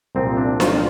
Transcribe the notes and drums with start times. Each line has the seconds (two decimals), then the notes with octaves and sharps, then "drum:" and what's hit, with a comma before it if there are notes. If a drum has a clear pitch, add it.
0.15 C2 A#2 F3 C4
0.37 D4
0.60 F4, drum: snare D4